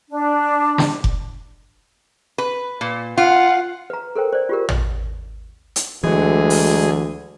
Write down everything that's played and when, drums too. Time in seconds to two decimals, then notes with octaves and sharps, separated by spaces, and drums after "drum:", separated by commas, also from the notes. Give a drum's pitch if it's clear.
0.08 D4
0.78 drum: snare
1.04 drum: kick F1
2.38 B4
2.81 A#2
3.17 F4 F#5
3.90 B4 A#5
4.16 A4 A#4 C5 G5
4.33 C5 D5
4.49 F4 G4 A#4
4.69 drum: tom
5.76 drum: hi-hat
6.04 D2 E3 F#3 G#3 G#4
6.50 drum: open hi-hat